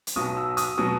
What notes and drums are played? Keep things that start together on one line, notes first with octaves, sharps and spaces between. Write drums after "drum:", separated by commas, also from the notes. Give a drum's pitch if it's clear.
drum: hi-hat
B1 B2 F#3 D#6
E6
D#6, drum: hi-hat
B2 F#3 D#6